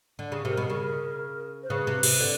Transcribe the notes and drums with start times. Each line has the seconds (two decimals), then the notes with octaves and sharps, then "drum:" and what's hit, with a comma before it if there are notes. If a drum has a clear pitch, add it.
0.19 D3
0.32 C#3
0.45 C3 A#4
0.57 B2
0.70 C#3 A#4
1.63 C5
1.69 C#3 B4
1.87 C3
2.03 C3, drum: cymbal
2.20 D3